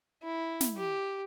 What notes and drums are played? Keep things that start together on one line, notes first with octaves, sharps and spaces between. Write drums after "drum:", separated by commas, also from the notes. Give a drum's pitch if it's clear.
E4
drum: snare
G4